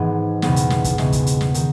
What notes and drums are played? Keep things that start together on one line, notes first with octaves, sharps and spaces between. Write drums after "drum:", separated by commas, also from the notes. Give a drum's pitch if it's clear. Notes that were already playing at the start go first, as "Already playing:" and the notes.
Already playing: G#1 G#2 E3 G#3 B3
E1 E2 C#3 G#3 B3, drum: snare
drum: hi-hat
drum: snare
drum: kick, hi-hat
E1 E2 C#3 G#3 B3, drum: snare
drum: kick, hi-hat
drum: hi-hat
drum: snare
D#3, drum: hi-hat